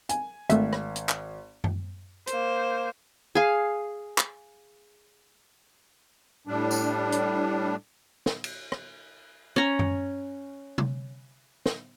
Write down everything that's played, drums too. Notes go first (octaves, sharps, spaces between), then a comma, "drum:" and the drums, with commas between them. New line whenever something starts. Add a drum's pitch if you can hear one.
G#5, drum: hi-hat
G#1 A3 E5, drum: hi-hat
drum: rim click
drum: hi-hat
drum: clap
drum: tom F#2
A#3 C5, drum: hi-hat
G#4 F5
drum: clap
A2 G3 D4
drum: tambourine
drum: hi-hat
drum: snare
drum: cymbal
drum: rim click
C#4 A#5
drum: tom F#2
drum: tom C3
drum: snare